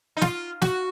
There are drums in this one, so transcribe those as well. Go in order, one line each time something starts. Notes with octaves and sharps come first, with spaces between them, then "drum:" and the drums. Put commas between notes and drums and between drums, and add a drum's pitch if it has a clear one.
D#4
F4, drum: snare
F#4, drum: snare